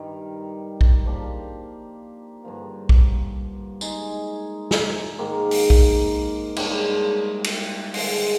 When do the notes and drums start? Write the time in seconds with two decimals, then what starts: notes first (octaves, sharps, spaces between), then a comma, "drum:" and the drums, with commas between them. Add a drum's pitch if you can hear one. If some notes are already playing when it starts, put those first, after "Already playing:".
Already playing: G2 D#3 G3
0.81 drum: kick B1
1.06 F3 A#3 D4 G4
2.44 G2 D3 F3 A#3
2.89 drum: kick B1
3.81 G#3 D#4 G#4, drum: tambourine
4.71 drum: snare
5.18 G#2 D#3 A#3
5.51 drum: open hi-hat
5.70 drum: kick B1
6.56 G#2 G3 D4, drum: cymbal
7.44 drum: cymbal
7.94 D3 F3 G#3, drum: open hi-hat